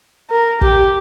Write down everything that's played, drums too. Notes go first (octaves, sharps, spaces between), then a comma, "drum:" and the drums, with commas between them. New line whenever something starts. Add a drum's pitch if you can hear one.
A#4
G4, drum: kick